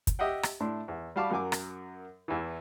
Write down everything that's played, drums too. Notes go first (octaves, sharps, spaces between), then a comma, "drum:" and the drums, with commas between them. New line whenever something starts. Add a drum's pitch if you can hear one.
drum: kick, hi-hat
G4 D#5 E5 F#5 G5
drum: rim click
A2 A3 D4 C6
E2
G3 F#4 F5 A5 B5 D6
F#2 F#3 A#4 G#5 D6
drum: rim click
E2 E3